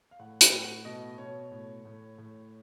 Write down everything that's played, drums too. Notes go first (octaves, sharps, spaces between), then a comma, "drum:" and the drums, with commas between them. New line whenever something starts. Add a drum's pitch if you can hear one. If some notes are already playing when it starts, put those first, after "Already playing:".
F5
A2 F#5
G5, drum: hi-hat
A2
F#5
B2 D#5
B2 C#5
A2
A2
A2